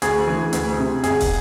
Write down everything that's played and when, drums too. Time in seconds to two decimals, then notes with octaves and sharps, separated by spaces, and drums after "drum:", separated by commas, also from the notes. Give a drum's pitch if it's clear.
0.02 D2 G#4, drum: hi-hat
0.27 E3
0.53 D2, drum: hi-hat
0.78 C3
1.04 G1 G#4, drum: hi-hat
1.20 drum: kick, open hi-hat